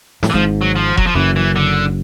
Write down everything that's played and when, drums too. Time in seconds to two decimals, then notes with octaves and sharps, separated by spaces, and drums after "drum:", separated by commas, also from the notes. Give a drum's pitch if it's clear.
0.23 A2, drum: snare
0.30 E3
0.34 G#1 G#2 F3
0.61 F#3
0.76 F3
0.97 F#3, drum: kick F1
1.07 F3
1.15 F#1 F#2 E3
1.36 E3
1.56 D3